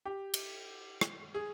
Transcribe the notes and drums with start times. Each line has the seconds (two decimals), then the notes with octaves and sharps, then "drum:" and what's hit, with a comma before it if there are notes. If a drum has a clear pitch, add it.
0.05 G4
0.34 drum: cymbal
1.01 drum: rim click
1.34 G#4